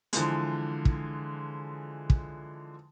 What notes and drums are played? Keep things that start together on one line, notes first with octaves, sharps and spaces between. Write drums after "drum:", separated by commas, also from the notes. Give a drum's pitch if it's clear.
D3 E3 F3 G#3, drum: hi-hat
drum: kick
drum: kick